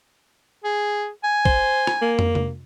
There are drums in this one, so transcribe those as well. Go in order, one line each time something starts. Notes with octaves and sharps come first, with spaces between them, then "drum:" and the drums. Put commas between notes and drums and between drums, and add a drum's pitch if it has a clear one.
G#4
G#5
C5, drum: kick
drum: rim click
A#3
drum: tom
drum: tom C3